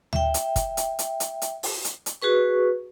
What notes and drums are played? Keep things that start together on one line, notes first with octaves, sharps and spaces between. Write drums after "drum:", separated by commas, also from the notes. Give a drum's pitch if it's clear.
E5 G5, drum: tom D2
drum: hi-hat
drum: kick, hi-hat
drum: hi-hat
drum: hi-hat
drum: hi-hat
drum: hi-hat
drum: open hi-hat
drum: hi-hat
drum: hi-hat
F#4 G#4 B4 C#6